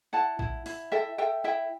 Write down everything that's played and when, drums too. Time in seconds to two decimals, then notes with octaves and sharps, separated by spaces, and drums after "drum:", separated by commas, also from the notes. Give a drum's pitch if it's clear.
0.13 E4 F#5 A5
0.39 E4, drum: kick A#1
0.66 E4, drum: open hi-hat
0.92 A4 E5 G5
1.18 A4 E5 G5
1.44 E4 E5 G5